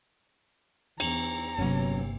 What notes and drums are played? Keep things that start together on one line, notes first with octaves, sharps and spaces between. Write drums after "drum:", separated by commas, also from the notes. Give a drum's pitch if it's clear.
E2 A#5, drum: cymbal
G1 C3 F#3 A#3 B3 C#4